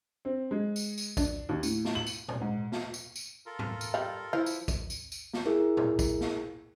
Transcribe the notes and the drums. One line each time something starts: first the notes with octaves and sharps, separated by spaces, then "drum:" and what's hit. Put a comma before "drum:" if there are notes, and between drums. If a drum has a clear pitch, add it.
C4
G#3
drum: tambourine
drum: tambourine
D4, drum: kick A1, tambourine
D#2
A2, drum: tambourine
drum: snare
F#7
drum: tambourine
drum: tom A#2
G#2
drum: snare
drum: tambourine
drum: tambourine
F4 A4 A#4
drum: tom G2
drum: tambourine
G3 F5
F3 E4 F5
drum: tambourine
drum: kick A1, tambourine
drum: tambourine
drum: tambourine
drum: snare
E4 G#4 A#4
drum: tom A#2
drum: kick A1, tambourine
drum: snare